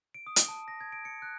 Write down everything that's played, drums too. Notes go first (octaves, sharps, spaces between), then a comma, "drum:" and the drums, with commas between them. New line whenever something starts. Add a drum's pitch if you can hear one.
D7
D#6
drum: hi-hat
A5
A#6
G#6
D7
C#7
F#6